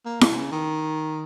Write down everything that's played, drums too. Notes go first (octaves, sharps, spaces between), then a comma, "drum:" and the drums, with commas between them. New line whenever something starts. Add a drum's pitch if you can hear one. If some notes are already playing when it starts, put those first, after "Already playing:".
A#3
B2, drum: snare E4
B2
C#3
D#3